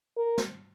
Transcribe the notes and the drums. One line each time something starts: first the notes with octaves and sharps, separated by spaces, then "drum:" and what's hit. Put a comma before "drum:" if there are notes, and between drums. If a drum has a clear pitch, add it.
A#4
drum: snare